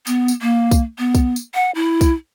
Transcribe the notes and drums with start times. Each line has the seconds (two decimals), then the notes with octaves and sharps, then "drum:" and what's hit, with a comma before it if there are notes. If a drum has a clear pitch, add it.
0.07 B3, drum: tambourine
0.28 drum: tambourine
0.42 A#3
0.71 drum: kick B1, tambourine
0.98 B3
1.15 drum: kick B1, tambourine
1.36 drum: tambourine
1.55 F#5
1.75 E4
2.01 drum: kick B1, tambourine